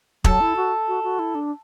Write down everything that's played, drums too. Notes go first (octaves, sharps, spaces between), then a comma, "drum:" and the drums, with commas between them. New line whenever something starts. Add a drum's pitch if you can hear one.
F#3 A4, drum: kick
E4
F#4
F#4
F#4
E4
D4